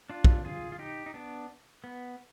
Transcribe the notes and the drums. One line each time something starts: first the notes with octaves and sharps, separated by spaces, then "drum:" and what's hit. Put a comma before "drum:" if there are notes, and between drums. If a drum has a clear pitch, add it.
D4 F4
drum: kick
F4 G#4
F4
D#4 G4
D#4
B3 D4
B3